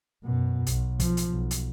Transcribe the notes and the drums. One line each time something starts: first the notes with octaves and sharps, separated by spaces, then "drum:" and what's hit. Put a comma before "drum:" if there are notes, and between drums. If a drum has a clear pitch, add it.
F#2 B2
B1, drum: hi-hat
F3, drum: kick, hi-hat
drum: hi-hat
B1
drum: hi-hat